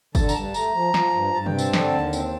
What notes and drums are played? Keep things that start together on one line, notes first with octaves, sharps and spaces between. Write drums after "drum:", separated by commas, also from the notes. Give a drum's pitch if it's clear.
D3 A5, drum: kick, tambourine
A#5, drum: tambourine
G2 A5
A3 A#5, drum: tambourine
F3
F3, drum: snare
G2
G2 A5
G5, drum: tom
C4
A5, drum: tambourine
D3, drum: snare
D#2
C4, drum: tambourine